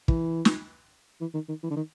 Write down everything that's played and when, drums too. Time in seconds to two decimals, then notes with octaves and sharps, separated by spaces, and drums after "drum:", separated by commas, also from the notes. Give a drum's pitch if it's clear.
0.08 E3, drum: kick
0.45 drum: snare
1.21 E3
1.34 D#3
1.48 D#3
1.63 E3
1.71 D3
1.76 D#3